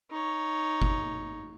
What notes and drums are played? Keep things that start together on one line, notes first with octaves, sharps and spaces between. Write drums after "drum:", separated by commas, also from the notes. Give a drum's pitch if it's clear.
D#4 C#5
drum: kick F#1